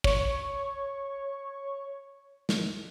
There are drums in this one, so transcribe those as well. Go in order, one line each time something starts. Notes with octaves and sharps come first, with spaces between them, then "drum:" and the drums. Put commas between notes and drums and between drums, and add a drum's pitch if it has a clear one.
C#5 C#6, drum: kick
drum: snare